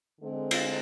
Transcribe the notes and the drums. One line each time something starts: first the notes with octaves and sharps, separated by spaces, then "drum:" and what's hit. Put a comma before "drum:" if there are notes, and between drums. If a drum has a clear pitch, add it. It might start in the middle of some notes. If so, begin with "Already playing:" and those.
D3 G#3 C4
drum: cymbal